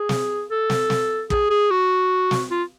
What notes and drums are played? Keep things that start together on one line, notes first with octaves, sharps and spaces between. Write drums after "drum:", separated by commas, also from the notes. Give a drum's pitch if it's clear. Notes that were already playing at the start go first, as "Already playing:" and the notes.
Already playing: G#4
drum: snare
A4
drum: snare
drum: snare
G#4, drum: kick
G#4
F#4
drum: snare
F4